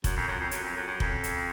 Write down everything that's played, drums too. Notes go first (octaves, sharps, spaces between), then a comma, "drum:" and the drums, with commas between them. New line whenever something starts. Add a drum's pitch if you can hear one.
F#2, drum: kick F1, hi-hat
F2
F#2
F2
F#2, drum: hi-hat
F2
F#2
F#2
F2, drum: kick F1
drum: hi-hat